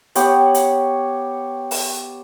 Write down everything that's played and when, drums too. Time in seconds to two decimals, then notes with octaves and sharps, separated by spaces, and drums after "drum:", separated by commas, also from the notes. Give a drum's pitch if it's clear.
0.15 B3 G4 C#5 F#5, drum: hi-hat
0.54 drum: hi-hat
1.71 drum: open hi-hat